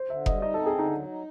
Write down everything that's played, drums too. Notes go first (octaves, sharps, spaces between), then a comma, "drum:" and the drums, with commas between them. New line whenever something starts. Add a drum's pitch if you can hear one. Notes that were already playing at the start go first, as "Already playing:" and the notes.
Already playing: C5
D3 E5
G3 D#5, drum: kick F1
D#4 D#5
C4 A4
G#4
D3 D#4
F#3
D#4